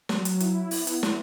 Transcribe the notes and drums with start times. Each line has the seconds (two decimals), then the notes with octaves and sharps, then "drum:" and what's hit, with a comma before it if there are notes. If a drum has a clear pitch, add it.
0.09 F#3, drum: snare
0.25 drum: hi-hat
0.40 E4, drum: hi-hat
0.71 B3, drum: open hi-hat
0.87 drum: hi-hat
1.03 E4, drum: snare